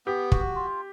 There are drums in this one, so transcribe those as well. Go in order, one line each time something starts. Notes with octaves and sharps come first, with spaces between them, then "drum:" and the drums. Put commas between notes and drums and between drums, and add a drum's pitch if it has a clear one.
B3 G4
F#4, drum: kick
F4